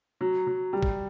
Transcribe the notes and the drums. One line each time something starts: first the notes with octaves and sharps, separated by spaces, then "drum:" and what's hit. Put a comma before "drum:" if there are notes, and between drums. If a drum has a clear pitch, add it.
F#3
F#3
G3
drum: kick